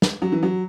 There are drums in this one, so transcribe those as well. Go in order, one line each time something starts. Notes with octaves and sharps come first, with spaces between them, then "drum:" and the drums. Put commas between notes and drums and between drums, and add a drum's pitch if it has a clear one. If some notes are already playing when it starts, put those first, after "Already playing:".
drum: snare
F#3
E3
F#3